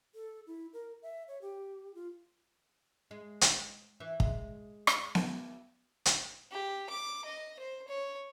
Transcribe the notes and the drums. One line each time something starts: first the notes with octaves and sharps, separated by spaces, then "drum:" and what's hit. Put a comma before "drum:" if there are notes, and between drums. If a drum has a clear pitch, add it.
A4
E4
A#4
E5
C#5
G4
F4
G#3
drum: hi-hat
E3
G#3, drum: kick
drum: rim click
drum: snare B3
drum: hi-hat
G4
D6
D#5
C5
C#5